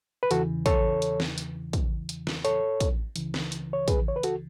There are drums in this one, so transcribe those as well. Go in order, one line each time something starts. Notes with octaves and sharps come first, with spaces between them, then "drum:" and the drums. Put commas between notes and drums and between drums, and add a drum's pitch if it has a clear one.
B4
E2 C#3 E3 F#4 A4, drum: hi-hat
A4 C#5, drum: kick, hi-hat
drum: hi-hat
drum: snare
drum: hi-hat
drum: kick, hi-hat
drum: hi-hat
drum: snare
A4 C#5, drum: hi-hat
drum: kick, hi-hat
C#2 C#3 E3, drum: hi-hat
drum: snare
drum: hi-hat
C#5
G#4 B4, drum: kick, hi-hat
C#5
B4
F#4 A4, drum: hi-hat